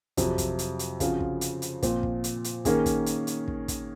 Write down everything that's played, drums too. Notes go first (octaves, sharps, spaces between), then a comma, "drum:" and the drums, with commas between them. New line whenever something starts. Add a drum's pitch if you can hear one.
F2 C3 F#3, drum: kick, hi-hat
drum: kick, hi-hat
drum: hi-hat
drum: hi-hat
C#3 F3 C4 F#4, drum: kick, hi-hat
drum: kick
drum: hi-hat
drum: hi-hat
A#2 F3 C4, drum: kick, hi-hat
drum: kick
drum: hi-hat
drum: hi-hat
D#3 A#3 C#4 G#4, drum: kick, hi-hat
drum: kick, hi-hat
drum: hi-hat
drum: hi-hat
drum: kick
drum: kick, hi-hat